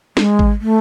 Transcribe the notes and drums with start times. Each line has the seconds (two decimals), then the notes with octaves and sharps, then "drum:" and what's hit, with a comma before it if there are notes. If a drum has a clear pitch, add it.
0.17 G#3, drum: snare
0.39 drum: kick G#1
0.61 A3